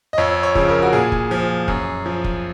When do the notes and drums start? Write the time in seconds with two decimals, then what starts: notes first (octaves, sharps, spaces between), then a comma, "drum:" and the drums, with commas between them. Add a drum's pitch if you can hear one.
0.13 D#5
0.18 F2 C#5
0.43 C#5
0.55 C#3 F3, drum: kick
0.68 A#4
0.82 F#4
0.93 A#2 G#4
1.12 drum: kick
1.31 F3
1.68 F#2, drum: kick
2.06 F3
2.24 drum: kick